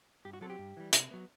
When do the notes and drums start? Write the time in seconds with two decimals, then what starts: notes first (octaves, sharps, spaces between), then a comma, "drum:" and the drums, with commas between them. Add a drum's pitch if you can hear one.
0.25 G2 G4
0.33 F#4
0.41 F#3 C4 A4
0.50 G4
0.58 G2
0.77 E3 G3
0.93 C3, drum: hi-hat
1.11 F#3 B3